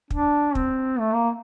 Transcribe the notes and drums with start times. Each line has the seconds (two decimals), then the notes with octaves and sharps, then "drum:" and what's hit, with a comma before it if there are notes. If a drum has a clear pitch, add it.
0.10 D4, drum: kick
0.55 C4, drum: kick
0.99 A3
1.14 A#3